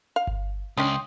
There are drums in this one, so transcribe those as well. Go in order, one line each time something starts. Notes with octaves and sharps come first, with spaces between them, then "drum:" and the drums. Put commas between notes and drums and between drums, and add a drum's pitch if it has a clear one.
F5
drum: kick G1
C#2 C#4 D4 G5 C6 D#6